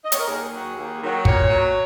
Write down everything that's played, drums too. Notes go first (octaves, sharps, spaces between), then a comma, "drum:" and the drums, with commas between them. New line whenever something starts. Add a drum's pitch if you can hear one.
D#5
C#5, drum: hi-hat
A#4
D#2 G#4
D#3 F#3
D#2
D#3 F#3
A#2 C#5, drum: kick
F#3